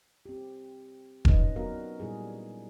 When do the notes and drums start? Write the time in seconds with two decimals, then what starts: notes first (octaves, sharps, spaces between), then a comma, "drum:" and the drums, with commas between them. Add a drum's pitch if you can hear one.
0.26 C4 G4
1.25 C#4 D#4 B4 D#5, drum: kick E1
1.56 F#3 B3 D4 F#4 A#4 F5
2.00 A#2 G3 E4 G#4